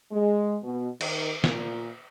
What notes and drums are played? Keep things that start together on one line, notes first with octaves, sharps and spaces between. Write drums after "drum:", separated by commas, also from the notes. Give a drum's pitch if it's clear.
G#3
B2
D#3, drum: cymbal
A#2, drum: snare